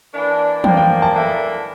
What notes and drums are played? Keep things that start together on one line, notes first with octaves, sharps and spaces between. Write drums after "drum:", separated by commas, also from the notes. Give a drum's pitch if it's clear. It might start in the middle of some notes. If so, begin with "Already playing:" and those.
E3 A#3 D4
D3 F3 A#3 G5, drum: tom E3
G5
A5
E3 A#3 D4 A4 E5